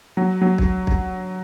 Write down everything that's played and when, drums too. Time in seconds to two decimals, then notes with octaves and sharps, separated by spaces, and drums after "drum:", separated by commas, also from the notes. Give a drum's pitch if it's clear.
0.17 F#3
0.41 F#3
0.58 drum: kick
0.87 drum: kick